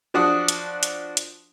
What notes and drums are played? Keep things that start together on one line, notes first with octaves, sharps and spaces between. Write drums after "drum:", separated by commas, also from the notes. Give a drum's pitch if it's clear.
F3 D4 F#4 D#6
drum: hi-hat
drum: hi-hat
drum: hi-hat